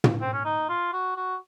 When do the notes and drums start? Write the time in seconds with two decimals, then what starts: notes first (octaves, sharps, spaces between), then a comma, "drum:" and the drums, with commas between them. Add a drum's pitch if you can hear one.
0.04 drum: tom
0.22 C4
0.33 C#4
0.45 D#4
0.69 F4
0.93 F#4
1.17 F#4